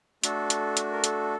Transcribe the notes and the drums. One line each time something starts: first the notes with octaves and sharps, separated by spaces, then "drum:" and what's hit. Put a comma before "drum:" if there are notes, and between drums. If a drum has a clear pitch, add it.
A3 D4 F#4 A4, drum: hi-hat
drum: hi-hat
drum: hi-hat
A#4
A4, drum: hi-hat